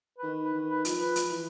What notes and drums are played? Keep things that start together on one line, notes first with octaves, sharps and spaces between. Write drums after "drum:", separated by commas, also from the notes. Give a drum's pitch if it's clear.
B4
D#3
B4
D#3
B4
F3, drum: hi-hat
B4
drum: hi-hat
E3